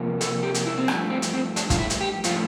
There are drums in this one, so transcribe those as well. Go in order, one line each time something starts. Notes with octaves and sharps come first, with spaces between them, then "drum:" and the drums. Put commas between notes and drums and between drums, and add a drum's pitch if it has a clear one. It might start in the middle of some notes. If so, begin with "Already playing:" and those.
Already playing: C3 F3 A#3
A4, drum: hi-hat
G4
drum: hi-hat
E4
C4
G2 F3 A3 D4, drum: rim click
C4
drum: hi-hat
C4
D4, drum: hi-hat
F4, drum: kick, hi-hat
E4
drum: hi-hat
G4
A2 F3 A3 F4, drum: hi-hat